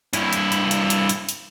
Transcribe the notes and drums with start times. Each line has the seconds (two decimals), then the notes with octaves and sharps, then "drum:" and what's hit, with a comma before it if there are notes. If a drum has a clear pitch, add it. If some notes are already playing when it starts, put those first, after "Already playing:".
0.13 G2 E4, drum: hi-hat
0.33 drum: hi-hat
0.52 drum: hi-hat
0.71 drum: hi-hat
0.90 drum: hi-hat
1.09 drum: hi-hat
1.29 drum: hi-hat